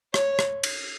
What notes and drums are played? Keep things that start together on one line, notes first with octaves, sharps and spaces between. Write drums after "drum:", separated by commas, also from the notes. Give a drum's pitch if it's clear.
C#5, drum: rim click
drum: rim click
drum: cymbal